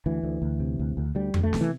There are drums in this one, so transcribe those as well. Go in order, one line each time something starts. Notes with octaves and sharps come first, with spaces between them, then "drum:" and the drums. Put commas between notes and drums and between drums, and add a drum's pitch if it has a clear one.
D2 E3
D2
D2
C3
D2
D2
D2 G3
D2, drum: tom F2
A3
C3, drum: snare
E3